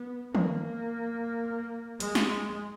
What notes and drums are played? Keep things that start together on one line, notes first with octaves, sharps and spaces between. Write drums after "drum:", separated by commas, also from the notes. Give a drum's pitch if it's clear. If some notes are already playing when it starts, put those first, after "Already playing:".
Already playing: B3
A#3, drum: tom D#3
G#3, drum: hi-hat
drum: snare